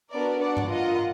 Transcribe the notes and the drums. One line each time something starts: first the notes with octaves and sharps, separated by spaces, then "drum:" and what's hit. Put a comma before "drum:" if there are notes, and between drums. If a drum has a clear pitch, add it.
B3 D4 F#4 A#4 D5
D4 F#4 D5 F#5
drum: tom G2
F4 A#4 D#5 F#5